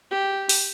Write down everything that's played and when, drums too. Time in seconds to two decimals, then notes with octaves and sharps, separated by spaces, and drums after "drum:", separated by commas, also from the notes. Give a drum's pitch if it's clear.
0.11 G4
0.49 drum: open hi-hat